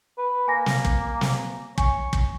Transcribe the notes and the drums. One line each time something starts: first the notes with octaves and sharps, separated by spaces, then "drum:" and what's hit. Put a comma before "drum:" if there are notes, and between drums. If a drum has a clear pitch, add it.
B4
A#3 G#5 A#6
drum: snare
drum: kick
drum: snare
C#5 G#5, drum: kick
drum: kick